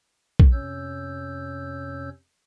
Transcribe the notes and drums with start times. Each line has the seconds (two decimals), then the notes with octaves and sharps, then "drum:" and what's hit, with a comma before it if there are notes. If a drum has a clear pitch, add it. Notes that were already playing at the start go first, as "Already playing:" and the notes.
0.40 drum: kick
0.52 F2 C3 C#4 C#5 E6 G6